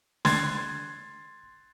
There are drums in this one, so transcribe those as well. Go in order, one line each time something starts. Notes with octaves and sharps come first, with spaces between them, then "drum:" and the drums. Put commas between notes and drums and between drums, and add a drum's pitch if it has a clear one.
C6 G#6 A6, drum: snare